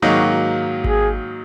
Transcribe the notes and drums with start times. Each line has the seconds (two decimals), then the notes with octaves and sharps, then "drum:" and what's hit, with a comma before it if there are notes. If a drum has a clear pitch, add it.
0.02 G#2 D#3 F#3 A#3 F#4
0.84 G#4, drum: kick G#1